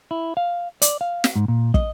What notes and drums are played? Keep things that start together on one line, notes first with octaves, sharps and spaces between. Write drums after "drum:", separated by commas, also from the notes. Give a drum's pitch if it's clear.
E4
F5
D5, drum: hi-hat
F5
drum: snare
G#2
A#2
D#5, drum: kick